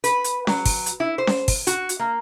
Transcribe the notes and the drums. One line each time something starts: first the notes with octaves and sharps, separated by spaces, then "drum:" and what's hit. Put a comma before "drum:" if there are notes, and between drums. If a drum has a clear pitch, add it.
B4, drum: hi-hat
drum: hi-hat
F#3, drum: snare C#4
drum: kick, open hi-hat
drum: hi-hat
E4
C5
drum: snare C#4
drum: kick, open hi-hat
F#4, drum: hi-hat
drum: hi-hat
A#3